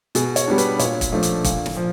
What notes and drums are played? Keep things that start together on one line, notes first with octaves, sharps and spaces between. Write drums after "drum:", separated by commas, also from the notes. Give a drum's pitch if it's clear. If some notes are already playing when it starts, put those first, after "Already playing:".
B2 G#4, drum: hi-hat
C#5, drum: hi-hat
G3 B3 D4
B4, drum: hi-hat
A#2 C#5, drum: hi-hat
drum: kick, hi-hat
F3 A3 D4
drum: hi-hat
A#2, drum: kick, hi-hat
drum: snare
F3